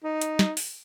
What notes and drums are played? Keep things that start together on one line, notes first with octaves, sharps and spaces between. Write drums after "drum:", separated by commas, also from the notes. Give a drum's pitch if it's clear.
D#4
drum: hi-hat
drum: snare
drum: open hi-hat